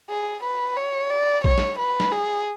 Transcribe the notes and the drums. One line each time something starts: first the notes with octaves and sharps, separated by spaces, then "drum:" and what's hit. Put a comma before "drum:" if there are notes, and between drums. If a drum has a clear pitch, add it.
G#4
B4
C#5
D5
C#5, drum: kick A#1
drum: snare
B4
drum: snare
G#4